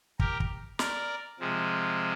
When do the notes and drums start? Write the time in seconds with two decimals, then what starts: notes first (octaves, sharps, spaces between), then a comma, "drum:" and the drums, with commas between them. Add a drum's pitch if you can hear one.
0.19 G4 A#4, drum: kick
0.40 drum: kick
0.79 A#4 D5, drum: snare
1.40 C3 F3 G#3